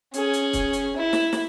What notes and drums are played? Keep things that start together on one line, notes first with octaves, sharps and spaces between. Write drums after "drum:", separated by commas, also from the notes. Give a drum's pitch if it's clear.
C#4 G#4, drum: hi-hat
drum: hi-hat
drum: kick, hi-hat
drum: hi-hat
E4
drum: snare
drum: snare